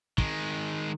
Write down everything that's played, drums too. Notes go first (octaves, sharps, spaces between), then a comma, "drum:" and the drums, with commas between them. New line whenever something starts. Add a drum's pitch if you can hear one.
D#3 G#3, drum: kick